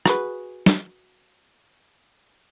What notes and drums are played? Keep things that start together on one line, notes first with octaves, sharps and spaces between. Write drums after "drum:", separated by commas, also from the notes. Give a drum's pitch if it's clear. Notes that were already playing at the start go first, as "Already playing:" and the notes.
F#4 G#4 B4, drum: rim click
drum: snare